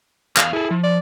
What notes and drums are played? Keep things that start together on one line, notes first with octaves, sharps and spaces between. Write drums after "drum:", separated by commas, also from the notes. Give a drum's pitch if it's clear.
E2 F5, drum: clap
E4 G#4 A4
F3
D5